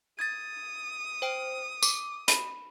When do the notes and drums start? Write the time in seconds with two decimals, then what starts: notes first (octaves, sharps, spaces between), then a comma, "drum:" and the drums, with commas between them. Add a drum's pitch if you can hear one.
0.19 D#6 G#6 A6
1.22 C5 G5 D7
1.83 D6, drum: tambourine
2.28 B5, drum: hi-hat